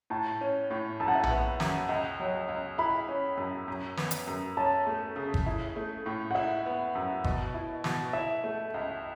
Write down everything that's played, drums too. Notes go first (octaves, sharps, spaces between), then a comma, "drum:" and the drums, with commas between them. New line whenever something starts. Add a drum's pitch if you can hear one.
A2 A5
C#4
A2
F#2 A5
F#5
E5
F#5, drum: tom A#1
B3
F#2, drum: snare
C#2
F#3
C#2
E4 B5
C#4
F#2
F#2
B3, drum: snare
drum: hi-hat
F#2
C#4 A5
A3
C#3
drum: kick G1
E4
A3
A2
F#5
E4 E5
B3
F#2
B2, drum: kick G1
E4
B2, drum: snare
E4 E5
A3
C#2